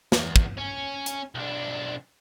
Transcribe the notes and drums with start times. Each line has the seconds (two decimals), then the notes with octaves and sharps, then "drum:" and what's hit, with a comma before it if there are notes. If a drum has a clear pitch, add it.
0.12 E2, drum: snare
0.36 drum: kick
0.57 C#4
1.06 drum: hi-hat
1.35 B1 D4